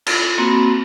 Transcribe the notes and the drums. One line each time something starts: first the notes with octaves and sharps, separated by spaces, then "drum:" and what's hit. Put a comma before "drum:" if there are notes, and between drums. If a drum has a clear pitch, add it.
F4, drum: cymbal
A#3 C4 F#4 B5